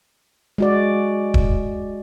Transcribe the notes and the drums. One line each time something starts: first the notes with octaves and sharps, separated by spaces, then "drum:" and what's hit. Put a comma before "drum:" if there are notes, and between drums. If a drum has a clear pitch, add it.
G#3 F#4 D5
drum: kick D#1